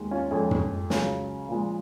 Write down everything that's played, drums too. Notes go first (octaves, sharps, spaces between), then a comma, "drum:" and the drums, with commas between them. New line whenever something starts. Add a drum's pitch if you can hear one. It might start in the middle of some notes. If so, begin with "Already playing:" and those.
Already playing: D#2 D#3 G#3
C#4 F4
F2 F3 G#3 C#4
drum: tom
C#2 C#3 F#3 C#4, drum: snare
A#2 F3 G#3